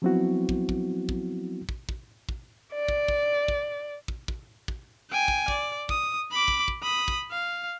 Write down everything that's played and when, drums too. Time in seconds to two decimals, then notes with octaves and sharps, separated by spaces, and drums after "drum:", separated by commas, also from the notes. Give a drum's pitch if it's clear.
0.02 F3 F#3 B3 C4 E4 F#4
0.49 drum: kick
0.69 drum: kick
1.09 drum: kick
1.69 drum: kick
1.89 drum: kick
2.29 drum: kick
2.74 D5
2.88 drum: kick
3.08 drum: kick
3.48 drum: kick
4.08 drum: kick
4.28 drum: kick
4.68 drum: kick
5.11 G5 G#5
5.28 drum: kick
5.48 D5, drum: kick
5.89 D#6, drum: kick
6.31 B5 D6
6.48 drum: kick
6.68 drum: kick
6.83 B5 D#6
7.08 drum: kick
7.31 F5